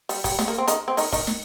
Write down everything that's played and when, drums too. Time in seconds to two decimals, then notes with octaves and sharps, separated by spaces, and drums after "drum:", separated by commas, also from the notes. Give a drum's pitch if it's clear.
0.09 G3, drum: open hi-hat
0.24 G3, drum: kick, open hi-hat
0.39 G3, drum: snare
0.48 A#3
0.58 C4
0.67 D#3 D#4, drum: hi-hat
0.88 C4
0.97 D#3 D#4, drum: open hi-hat
1.12 D#3 D#4, drum: kick, open hi-hat
1.27 drum: snare